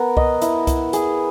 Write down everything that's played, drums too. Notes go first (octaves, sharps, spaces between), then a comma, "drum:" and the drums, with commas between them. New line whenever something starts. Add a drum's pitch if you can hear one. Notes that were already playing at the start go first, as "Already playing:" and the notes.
Already playing: B3 A#4
D#5, drum: kick C2
E4, drum: hi-hat
E4, drum: kick C2, hi-hat
G#4, drum: hi-hat